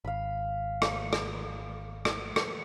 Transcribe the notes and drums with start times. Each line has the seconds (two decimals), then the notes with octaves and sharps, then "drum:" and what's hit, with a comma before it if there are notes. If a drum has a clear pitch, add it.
0.05 G#1 F5 B5
0.82 drum: rim click
1.13 drum: rim click
2.05 drum: rim click
2.36 drum: rim click